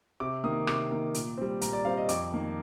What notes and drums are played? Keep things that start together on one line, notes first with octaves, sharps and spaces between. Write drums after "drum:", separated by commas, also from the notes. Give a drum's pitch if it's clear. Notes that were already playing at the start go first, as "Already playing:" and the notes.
C3 D6
D#3 A#3 D#6
C3 D6, drum: rim click
D#3 A#3
A#2, drum: hi-hat
G3 C4
A#2 A#5, drum: hi-hat
D5
G3 C4 F5
D#5
F2 D6, drum: hi-hat
D#3 A#3